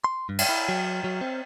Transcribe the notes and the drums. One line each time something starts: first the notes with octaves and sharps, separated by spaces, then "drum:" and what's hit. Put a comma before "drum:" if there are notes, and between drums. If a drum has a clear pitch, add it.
C6
G2
drum: cymbal
E4
F#3
F#3
C4